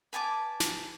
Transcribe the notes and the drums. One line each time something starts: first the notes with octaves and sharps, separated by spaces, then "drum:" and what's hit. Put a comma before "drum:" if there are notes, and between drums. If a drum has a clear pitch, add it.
B4 G#5 A5 D6
drum: snare